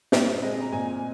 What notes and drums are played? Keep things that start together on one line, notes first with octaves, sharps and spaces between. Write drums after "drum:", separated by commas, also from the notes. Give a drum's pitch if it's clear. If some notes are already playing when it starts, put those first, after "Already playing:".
A#2, drum: snare
G#3 C4 D#5
A#5
A#2 G#5